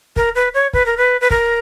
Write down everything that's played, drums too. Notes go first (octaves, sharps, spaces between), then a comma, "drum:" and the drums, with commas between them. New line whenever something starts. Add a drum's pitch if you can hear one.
A#4, drum: kick
B4
C#5
B4, drum: kick
A#4
B4
B4
A#4, drum: kick